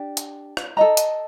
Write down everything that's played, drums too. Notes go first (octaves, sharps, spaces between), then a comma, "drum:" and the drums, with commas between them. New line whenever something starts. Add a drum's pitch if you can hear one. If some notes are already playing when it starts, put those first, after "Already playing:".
Already playing: D4 G4
drum: hi-hat
drum: rim click
A4 D#5 A#5
drum: hi-hat